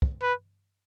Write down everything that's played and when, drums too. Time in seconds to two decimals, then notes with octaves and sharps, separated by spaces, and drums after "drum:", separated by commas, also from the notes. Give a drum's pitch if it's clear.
0.02 drum: kick
0.22 B4